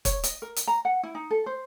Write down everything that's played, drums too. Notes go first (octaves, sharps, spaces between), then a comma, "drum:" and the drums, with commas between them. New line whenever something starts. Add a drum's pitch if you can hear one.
C#5, drum: kick, hi-hat
D#5, drum: hi-hat
A#4
drum: hi-hat
A#5
F#5
E4
D#4
A4
C5